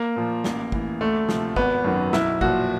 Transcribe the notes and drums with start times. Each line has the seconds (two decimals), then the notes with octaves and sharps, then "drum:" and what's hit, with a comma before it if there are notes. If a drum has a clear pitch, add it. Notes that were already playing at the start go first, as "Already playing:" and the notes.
Already playing: A#3
0.16 A#2 F3
0.44 A1, drum: snare
0.72 A2 E3, drum: kick
1.00 D2 A3
1.29 C3 F3, drum: snare
1.56 G#1 B3, drum: kick
1.85 F#2 D#3 F#3
2.13 B1 E4, drum: snare
2.41 A#2 F3 F#4, drum: kick